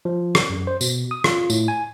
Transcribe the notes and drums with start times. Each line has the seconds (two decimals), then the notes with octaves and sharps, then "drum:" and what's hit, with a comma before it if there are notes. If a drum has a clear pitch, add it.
0.05 F3
0.35 drum: rim click
0.49 F#2
0.67 C5
0.81 B2, drum: tambourine
1.11 D#6
1.24 F4, drum: rim click
1.50 A2, drum: tambourine
1.68 G#5